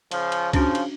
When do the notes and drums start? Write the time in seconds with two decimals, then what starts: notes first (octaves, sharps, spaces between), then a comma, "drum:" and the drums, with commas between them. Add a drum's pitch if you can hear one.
0.11 C#3 F3, drum: cymbal
0.32 drum: cymbal
0.53 C#3 F3 C#4 D4 F#4, drum: kick, cymbal
0.75 drum: cymbal